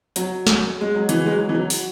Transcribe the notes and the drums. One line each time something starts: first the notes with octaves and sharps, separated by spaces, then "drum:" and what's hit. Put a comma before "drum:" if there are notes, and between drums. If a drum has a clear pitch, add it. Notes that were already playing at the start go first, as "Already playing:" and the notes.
F#3, drum: hi-hat
drum: snare
G#3
F#3
E3, drum: hi-hat
G#3
F#3
E3
F#3
drum: open hi-hat